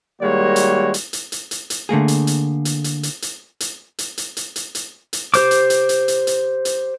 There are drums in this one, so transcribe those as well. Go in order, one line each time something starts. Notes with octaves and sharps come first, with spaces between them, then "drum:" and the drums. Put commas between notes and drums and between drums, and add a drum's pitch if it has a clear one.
D#3 G3 G#3 A#3 F#4 C#5
drum: hi-hat
drum: hi-hat
drum: hi-hat
drum: hi-hat
drum: hi-hat
drum: hi-hat
D3 A3 A#3 G#4
drum: hi-hat
drum: hi-hat
drum: hi-hat
drum: hi-hat
drum: hi-hat
drum: hi-hat
drum: hi-hat
drum: hi-hat
drum: hi-hat
drum: hi-hat
drum: hi-hat
drum: hi-hat
drum: hi-hat
G4 C5 D6, drum: hi-hat
drum: hi-hat
drum: hi-hat
drum: hi-hat
drum: hi-hat
drum: hi-hat
drum: hi-hat